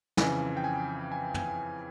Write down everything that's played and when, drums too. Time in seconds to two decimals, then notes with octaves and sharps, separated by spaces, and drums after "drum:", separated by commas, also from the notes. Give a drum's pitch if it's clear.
0.17 F2 C#3 E3 G#5, drum: snare
0.57 G5
0.64 G#5
1.12 G#5
1.34 G#5, drum: tom